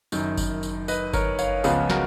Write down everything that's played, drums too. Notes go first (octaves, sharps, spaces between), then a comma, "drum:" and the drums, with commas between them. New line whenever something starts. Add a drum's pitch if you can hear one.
F#1 F#2 D#3, drum: tambourine
drum: kick G1, tambourine
drum: tambourine
B4 D#5, drum: tambourine
A#4 C#5, drum: kick G1, tambourine
C#5 F5, drum: tambourine
C#2 C#3 F3 B3 F4 G#4, drum: tambourine
F#4 A#4, drum: snare